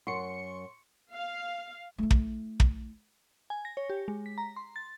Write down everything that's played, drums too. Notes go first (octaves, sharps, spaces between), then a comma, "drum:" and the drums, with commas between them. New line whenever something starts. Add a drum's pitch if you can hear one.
F#2 F#5 C6 C#6 C#7
F5
A3 E4
drum: kick
drum: kick
G#5
A#6
C#5
G4
G#3
B6
A#5
C6
A6